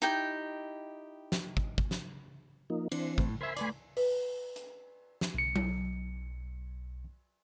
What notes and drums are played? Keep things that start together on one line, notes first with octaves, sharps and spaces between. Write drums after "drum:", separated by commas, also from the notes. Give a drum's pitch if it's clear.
D#4 E4 G4 G5
drum: snare
drum: kick
drum: kick
drum: snare
F3 A#3 D#4
E3 C4 D4, drum: cymbal
A2, drum: kick
A#4 C5 E5 G#5 B5 C6
A3 B4 D5, drum: hi-hat
B4, drum: open hi-hat
drum: hi-hat
drum: snare
B1 C#7
drum: tom F#3